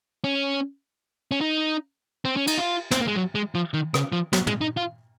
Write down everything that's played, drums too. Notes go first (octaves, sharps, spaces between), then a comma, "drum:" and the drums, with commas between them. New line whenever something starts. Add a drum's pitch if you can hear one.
C#4
C#4
D#4
C4
C#4
D#4, drum: cymbal
F4
C4, drum: snare
A#3
G#3
F#3
G#3
F3
D#3
C#3, drum: rim click
F3
F#3, drum: snare
G#3, drum: tom
D#4
F4